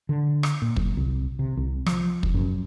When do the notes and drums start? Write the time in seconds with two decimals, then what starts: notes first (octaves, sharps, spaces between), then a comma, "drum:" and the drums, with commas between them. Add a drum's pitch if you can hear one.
0.09 D3
0.43 drum: rim click
0.62 A#2
0.76 F#1, drum: kick
0.97 C2
1.39 C3
1.57 C2
1.86 F3, drum: rim click
2.23 drum: kick
2.34 F#2